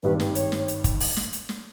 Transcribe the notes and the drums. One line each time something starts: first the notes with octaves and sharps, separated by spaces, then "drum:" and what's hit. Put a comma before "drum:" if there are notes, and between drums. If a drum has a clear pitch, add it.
G#1 G2 D#3 G3 B4
drum: snare
C#5, drum: hi-hat
drum: snare
drum: hi-hat
drum: kick, hi-hat
drum: open hi-hat
drum: snare
drum: hi-hat
drum: snare